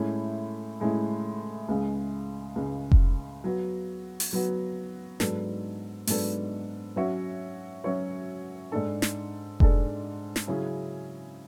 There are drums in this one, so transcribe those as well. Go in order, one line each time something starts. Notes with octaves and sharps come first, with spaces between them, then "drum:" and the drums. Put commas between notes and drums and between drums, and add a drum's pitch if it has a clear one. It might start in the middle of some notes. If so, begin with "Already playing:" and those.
Already playing: A2 G#3 C#4 E4
A2 G#3 C#4 E4
C#2 C#3 G#3
C#2 C#3 G#3
drum: kick F1
F#3 B3 F#4
drum: open hi-hat
F#3 B3 F#4
G#2 F#3 B3 D4 A4, drum: snare
G#2 F#3 B3 D4 A4, drum: open hi-hat
F#3 C#4 F#4 C#5 E5
F#3 C#4 F#4 C#5 E5
G#2 G#3 D4 A4
drum: snare
G#2 G#3 D4 A4, drum: kick F1
drum: snare
C#3 F#3 C#4 E4 G#4